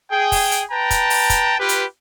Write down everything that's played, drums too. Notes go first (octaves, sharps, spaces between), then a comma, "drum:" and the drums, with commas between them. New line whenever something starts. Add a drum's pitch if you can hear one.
G#4 G5
drum: kick, open hi-hat
drum: hi-hat
B4 G5 A5 A#5
drum: kick, hi-hat
drum: open hi-hat
drum: kick, hi-hat
F4 G4 B4
drum: hi-hat